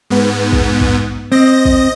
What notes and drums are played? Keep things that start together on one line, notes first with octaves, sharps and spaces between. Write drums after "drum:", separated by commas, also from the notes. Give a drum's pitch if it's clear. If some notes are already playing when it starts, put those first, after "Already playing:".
G#2 B3
drum: kick
drum: kick
C4 D#5 A#6
drum: kick